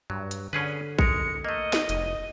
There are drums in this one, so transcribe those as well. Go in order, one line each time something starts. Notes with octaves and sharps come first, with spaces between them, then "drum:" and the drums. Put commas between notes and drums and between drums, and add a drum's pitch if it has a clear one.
G2 F#3
drum: hi-hat
D3 C#4 G#4 B4
G#3 A#4 C#7, drum: kick
A3 A#3 D#5
drum: snare
F1, drum: hi-hat